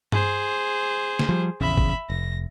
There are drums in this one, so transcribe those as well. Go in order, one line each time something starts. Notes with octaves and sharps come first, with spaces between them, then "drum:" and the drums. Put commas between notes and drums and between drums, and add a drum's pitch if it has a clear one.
G#4 C5, drum: tom G2
drum: snare
F3 G3
A#1 E2 C#3 E5 B5
drum: kick G1
F1 A#6